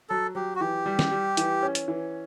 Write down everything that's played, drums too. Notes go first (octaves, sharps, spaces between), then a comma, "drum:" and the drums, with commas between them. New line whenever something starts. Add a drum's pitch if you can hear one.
F#3 A4
F#3 G4
F#4
E3 G4
G3
drum: snare
G3
E3, drum: hi-hat
C#4
drum: hi-hat
E3